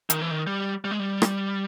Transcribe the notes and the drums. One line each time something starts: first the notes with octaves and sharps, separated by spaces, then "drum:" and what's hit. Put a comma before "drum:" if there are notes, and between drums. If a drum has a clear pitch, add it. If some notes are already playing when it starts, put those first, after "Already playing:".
D#3, drum: hi-hat
E3
D#3
G3
G3
G#3
G3
drum: rim click